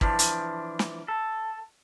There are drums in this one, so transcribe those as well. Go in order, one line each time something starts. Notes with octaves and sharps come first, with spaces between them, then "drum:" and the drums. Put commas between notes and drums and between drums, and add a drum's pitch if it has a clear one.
E3 F3 D4, drum: kick G#1
drum: hi-hat
drum: snare
A4